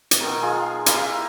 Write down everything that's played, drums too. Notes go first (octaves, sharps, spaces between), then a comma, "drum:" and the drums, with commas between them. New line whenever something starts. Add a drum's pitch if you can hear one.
drum: hi-hat
B2 D#3 A#4
F4 G#4 G#5
E4 G4 A#4 F5, drum: hi-hat